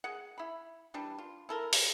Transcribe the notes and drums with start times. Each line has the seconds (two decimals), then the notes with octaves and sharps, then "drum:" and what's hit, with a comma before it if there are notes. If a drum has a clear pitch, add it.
0.04 G#4 F#5
0.38 E4 B5
0.94 E3 G3 D4
1.18 F4
1.49 E4 A4 A#4
1.73 drum: open hi-hat